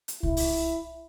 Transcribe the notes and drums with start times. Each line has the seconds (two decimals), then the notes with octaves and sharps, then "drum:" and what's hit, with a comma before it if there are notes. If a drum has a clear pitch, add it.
0.08 drum: hi-hat
0.23 E4, drum: kick C2
0.37 drum: open hi-hat